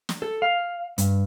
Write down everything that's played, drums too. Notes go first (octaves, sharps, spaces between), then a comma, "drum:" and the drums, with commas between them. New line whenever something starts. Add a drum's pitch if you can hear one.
drum: snare
A4
F5
G2, drum: hi-hat